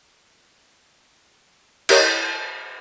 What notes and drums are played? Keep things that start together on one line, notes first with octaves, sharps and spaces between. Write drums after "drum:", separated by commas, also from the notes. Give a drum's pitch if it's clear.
E4 G4 A#4 C#5 D#5, drum: cymbal